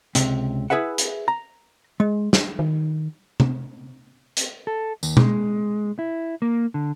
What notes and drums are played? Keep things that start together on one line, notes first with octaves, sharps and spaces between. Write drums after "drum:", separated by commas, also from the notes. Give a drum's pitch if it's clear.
C#2 C3, drum: hi-hat
E4 G#4 B4 E5 F#5
drum: hi-hat
A#5
G#3
drum: snare
D#3
drum: tom C3
drum: hi-hat
A4
D#2, drum: tambourine
G#3, drum: tom B2
E4
A#3
D3